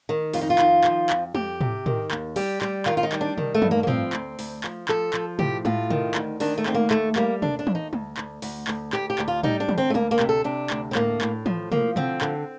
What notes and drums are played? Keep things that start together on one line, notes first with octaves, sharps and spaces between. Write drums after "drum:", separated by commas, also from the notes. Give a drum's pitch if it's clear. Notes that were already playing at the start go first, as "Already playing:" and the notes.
D#3
F2 F4, drum: open hi-hat
D#4
F4
D#3, drum: clap
F3, drum: clap
F2, drum: clap
F2 G4, drum: tom
C3, drum: tom
D#3, drum: tom
D#2, drum: clap
G3 G4, drum: open hi-hat
G3, drum: clap
D#3 F4, drum: clap
F4
D#4
G3, drum: clap
D4
D#3, drum: tom
A3
G2, drum: tom
A#3
A#3
F3 C4, drum: tom
D2, drum: clap
D2, drum: open hi-hat
F3, drum: clap
F3 A4, drum: clap
F3, drum: clap
A2 G4, drum: tom
A2 F4, drum: tom
D#3, drum: tom
D2, drum: clap
D#3 D4, drum: open hi-hat
A3
D2 C4, drum: clap
A#3
D#2 A3, drum: clap
G3 A#3, drum: clap
D#2 D4, drum: tom
D4
D#2, drum: tom
D#4
D2, drum: tom
D2, drum: clap
D2, drum: open hi-hat
D2, drum: clap
D2 G4, drum: clap
G4
D2, drum: clap
F4
G3 D#4, drum: tom
D4
D2, drum: tom
C4
A3
D2 A#3, drum: tom
A#3
C3, drum: clap
A4
C3 D4
D2, drum: clap
C4
A2 A#3, drum: clap
A2, drum: clap
F3, drum: tom
F3 A#3, drum: tom
D3 C4, drum: tom
D3, drum: clap